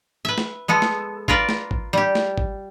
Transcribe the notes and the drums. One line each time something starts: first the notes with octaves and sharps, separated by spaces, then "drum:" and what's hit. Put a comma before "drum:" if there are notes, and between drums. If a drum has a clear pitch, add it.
B4 E5
drum: snare
G#3 B3 A4
drum: snare
F4 A#4 B4 D5, drum: kick
drum: snare
drum: kick
G3 G4
drum: snare
drum: kick